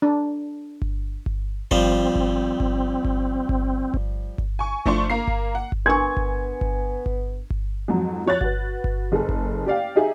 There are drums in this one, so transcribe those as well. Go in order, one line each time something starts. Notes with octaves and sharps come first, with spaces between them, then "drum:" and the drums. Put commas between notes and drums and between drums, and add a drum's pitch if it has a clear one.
D4
drum: kick G1
drum: kick G1
F3 G3 C4 C5, drum: kick G1
drum: kick G1
drum: kick G1
drum: kick G1
drum: kick G1
drum: kick G1
drum: kick G1
G#5 C#6
F3 A3 D4 C6 C#6, drum: kick G1
A#3 A#5 C7
drum: kick G1
F#5
drum: kick G1
B3 D4 A#4 G#5 C6 C#6 G#6
drum: kick G1
drum: kick G1
drum: kick G1
drum: kick G1
F2 G#2 F#3
F3 C#5 F#6 A6
F#4 B4, drum: kick G1
drum: kick G1
F#1 G#4 A4
drum: kick G1
G4 D5 F5 G5
D#4 G4 G#4 E5 G#5